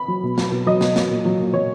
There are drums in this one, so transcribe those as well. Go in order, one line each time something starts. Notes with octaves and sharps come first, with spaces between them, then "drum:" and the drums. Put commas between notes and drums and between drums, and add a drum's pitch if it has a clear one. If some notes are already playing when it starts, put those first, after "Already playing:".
Already playing: B5
F#3
B2
F#3, drum: snare
B2
F#3 D#5
B2, drum: snare
F#3, drum: snare
A#2
F#3
A#2
F#3 C#5